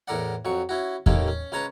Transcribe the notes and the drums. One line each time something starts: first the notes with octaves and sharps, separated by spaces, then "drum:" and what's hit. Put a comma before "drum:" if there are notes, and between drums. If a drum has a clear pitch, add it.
E2 A2 A4 A#4 D5 F#5
F2 F#3 C#6
C#4 E4 F#4
A1 D#2 D#3 A#3 C#4 A4, drum: kick E2
C#4
C#2 C#4 B4 C#5 A5 A#5